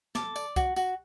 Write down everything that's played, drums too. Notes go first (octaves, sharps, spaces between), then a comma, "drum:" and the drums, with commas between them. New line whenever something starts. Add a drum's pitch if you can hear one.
A4 D6, drum: snare
D5, drum: tambourine
F#4, drum: kick C2, tambourine
F#4, drum: tambourine